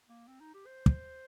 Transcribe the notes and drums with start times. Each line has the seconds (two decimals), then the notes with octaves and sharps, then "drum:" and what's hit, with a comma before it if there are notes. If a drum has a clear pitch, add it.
0.09 A#3
0.28 C4
0.40 D#4
0.54 G4
0.66 C5
0.86 drum: kick